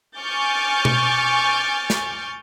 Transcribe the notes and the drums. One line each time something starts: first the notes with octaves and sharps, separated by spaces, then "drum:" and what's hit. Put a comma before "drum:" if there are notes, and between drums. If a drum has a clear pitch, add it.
G#5 C#6 D6 F6 G6 A6
drum: tom B2
drum: snare